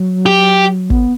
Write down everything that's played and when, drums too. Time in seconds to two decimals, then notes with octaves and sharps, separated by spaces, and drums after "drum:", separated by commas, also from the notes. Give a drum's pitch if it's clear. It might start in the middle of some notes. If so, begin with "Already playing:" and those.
Already playing: F#3
0.26 G4
0.90 B3, drum: kick